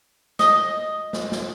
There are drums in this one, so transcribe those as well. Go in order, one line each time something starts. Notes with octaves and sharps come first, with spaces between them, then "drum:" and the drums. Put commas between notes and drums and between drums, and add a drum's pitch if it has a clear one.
D#5, drum: snare
drum: snare
drum: snare